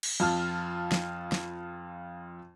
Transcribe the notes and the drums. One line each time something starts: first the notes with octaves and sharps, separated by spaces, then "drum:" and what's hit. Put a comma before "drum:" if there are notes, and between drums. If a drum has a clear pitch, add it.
drum: cymbal
F2 F4 A5 F6
drum: snare
drum: snare